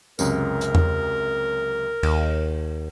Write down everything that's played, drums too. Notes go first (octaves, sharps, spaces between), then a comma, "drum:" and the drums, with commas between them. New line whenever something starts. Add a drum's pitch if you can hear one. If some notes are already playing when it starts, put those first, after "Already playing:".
C#2 F#2 C3 A#4, drum: tambourine
drum: hi-hat
drum: tom E2
D#2, drum: cymbal